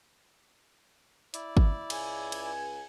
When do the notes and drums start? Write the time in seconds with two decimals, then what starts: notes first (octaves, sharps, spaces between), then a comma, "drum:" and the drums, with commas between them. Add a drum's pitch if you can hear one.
1.34 E4 D5, drum: hi-hat
1.57 drum: kick
1.90 C#2 G#5, drum: cymbal
2.32 drum: cymbal